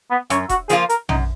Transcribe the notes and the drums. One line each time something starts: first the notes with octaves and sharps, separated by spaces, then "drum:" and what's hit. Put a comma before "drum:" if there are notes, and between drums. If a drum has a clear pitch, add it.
B3
F#2 C#4, drum: hi-hat
F#4, drum: kick E1, hi-hat
F3 A#3 F4 G#4, drum: hi-hat
A#4, drum: hi-hat
F#2 D#4, drum: tom